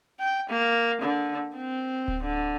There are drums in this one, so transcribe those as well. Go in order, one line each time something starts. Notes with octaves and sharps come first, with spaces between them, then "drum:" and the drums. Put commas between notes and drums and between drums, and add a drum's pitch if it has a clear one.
G5
A#3
D3
C4
drum: kick D1
D3